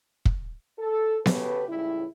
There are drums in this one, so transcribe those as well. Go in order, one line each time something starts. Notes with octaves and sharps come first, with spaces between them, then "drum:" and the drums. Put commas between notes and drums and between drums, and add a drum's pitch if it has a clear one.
drum: kick
A4
C#3 B3 G4 A4 B4, drum: snare B3
C#2 A2 C#3 G3 E4